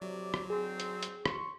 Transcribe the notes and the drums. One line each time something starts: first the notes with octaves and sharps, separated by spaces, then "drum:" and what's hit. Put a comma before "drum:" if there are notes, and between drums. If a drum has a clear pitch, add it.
A2 C3 F#3 D5
drum: rim click
G#2 D3 C4 G#4
drum: hi-hat
drum: hi-hat
C6 C#6, drum: rim click